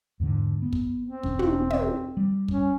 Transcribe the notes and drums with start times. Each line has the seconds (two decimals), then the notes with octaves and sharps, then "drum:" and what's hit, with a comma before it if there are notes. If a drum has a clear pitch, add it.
0.20 E2 G#2 D3
0.62 B3
0.73 drum: kick
1.04 C4
1.23 E1 C#4, drum: kick
1.39 drum: tom
1.70 drum: tom
2.17 G3
2.48 C#4, drum: kick